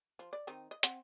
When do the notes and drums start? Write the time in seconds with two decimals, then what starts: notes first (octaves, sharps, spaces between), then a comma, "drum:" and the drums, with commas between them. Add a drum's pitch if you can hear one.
0.19 F3
0.33 D5
0.47 D#3 C4 D#4
0.71 D#5
0.83 C4 F#5, drum: hi-hat